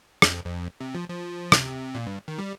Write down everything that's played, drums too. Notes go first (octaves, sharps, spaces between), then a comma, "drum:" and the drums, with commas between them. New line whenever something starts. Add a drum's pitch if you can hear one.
F2, drum: rim click
F2
C3
F3
F3
C3, drum: rim click
A#2
G2
D#3
G3